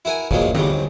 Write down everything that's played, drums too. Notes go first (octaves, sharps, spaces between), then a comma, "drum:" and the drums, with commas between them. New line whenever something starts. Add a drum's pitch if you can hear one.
E4 F#4 A#4 G#5
A#1 A#2 D#3 F#3 G#3, drum: kick
G#2 F#3 G3, drum: tom D3